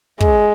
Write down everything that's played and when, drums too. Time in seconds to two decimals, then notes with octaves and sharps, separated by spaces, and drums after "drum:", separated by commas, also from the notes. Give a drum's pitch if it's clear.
0.20 G#3, drum: kick